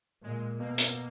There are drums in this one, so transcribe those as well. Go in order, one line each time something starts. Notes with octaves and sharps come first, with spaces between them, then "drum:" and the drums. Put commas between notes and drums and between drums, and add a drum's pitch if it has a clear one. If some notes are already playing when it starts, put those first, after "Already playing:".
A#2 G#3
B2 A#3
drum: hi-hat